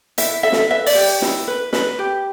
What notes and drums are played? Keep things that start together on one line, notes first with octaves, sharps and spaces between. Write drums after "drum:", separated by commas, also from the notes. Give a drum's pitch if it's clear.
E4 E5, drum: hi-hat
A4 E5
drum: snare
B4 E5
D5, drum: open hi-hat
G4
E4, drum: snare
B4
B4, drum: snare
G4